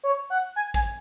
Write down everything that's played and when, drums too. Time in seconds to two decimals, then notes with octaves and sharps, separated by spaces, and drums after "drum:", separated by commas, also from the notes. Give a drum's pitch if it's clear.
0.04 C#5
0.30 F#5
0.56 G#5
0.74 G#5, drum: kick